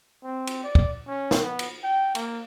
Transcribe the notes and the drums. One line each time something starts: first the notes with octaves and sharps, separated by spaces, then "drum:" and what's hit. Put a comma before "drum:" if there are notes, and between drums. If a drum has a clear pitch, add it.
C4
drum: cymbal
D5
drum: kick
C#4
drum: snare
B3
drum: cymbal
G5
A#3, drum: cymbal